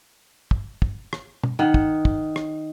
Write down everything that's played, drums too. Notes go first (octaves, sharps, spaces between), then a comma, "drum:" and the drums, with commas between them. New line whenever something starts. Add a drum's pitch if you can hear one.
drum: kick
drum: kick
drum: rim click
drum: tom
D#3 F#5
drum: kick
drum: kick
drum: rim click